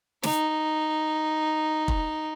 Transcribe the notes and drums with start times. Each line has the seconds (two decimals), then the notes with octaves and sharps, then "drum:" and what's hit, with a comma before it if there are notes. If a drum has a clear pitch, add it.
0.23 D#4, drum: snare
1.88 drum: kick